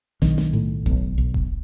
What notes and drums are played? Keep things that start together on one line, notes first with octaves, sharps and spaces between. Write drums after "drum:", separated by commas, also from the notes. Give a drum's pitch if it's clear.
B1 D#3, drum: snare
drum: snare
A2
B1, drum: kick E1
B1
drum: kick E1